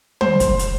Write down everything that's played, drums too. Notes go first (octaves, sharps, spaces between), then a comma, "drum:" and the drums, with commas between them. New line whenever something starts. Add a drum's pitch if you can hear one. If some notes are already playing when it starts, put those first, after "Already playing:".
C5, drum: tom
drum: kick, hi-hat
drum: hi-hat